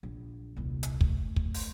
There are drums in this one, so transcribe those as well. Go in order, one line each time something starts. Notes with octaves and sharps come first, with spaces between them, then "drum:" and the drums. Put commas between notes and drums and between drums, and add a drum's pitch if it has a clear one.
A#1
D#1 C2
drum: hi-hat
A3, drum: kick
drum: kick
drum: open hi-hat